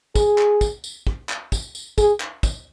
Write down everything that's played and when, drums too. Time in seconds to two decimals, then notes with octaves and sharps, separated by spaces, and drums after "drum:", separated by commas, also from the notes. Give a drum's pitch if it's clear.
0.15 G#4, drum: kick, tambourine
0.38 drum: clap
0.61 drum: kick, tambourine
0.84 drum: tambourine
1.07 drum: kick
1.29 drum: clap
1.52 drum: kick, tambourine
1.75 drum: tambourine
1.98 G#4, drum: kick, tambourine
2.20 drum: clap
2.43 drum: kick, tambourine